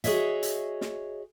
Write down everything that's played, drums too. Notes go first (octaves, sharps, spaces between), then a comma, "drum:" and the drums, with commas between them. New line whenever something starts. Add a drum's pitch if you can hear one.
F#4 G#4 B4 C#5 D#5 E5, drum: hi-hat
drum: hi-hat
drum: snare